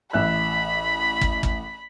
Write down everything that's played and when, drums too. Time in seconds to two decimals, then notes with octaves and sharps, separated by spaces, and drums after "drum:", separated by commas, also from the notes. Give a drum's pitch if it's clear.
0.13 A1 E5 B5 F#6
1.22 drum: kick
1.43 drum: kick